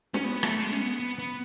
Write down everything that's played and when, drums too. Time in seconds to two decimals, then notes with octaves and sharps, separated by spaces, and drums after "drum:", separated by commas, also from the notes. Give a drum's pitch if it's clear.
0.14 C#4, drum: snare
0.24 B3
0.43 A3, drum: rim click
0.57 A3
0.62 G#3
0.72 C#4
0.81 B3
1.00 B3
1.19 B3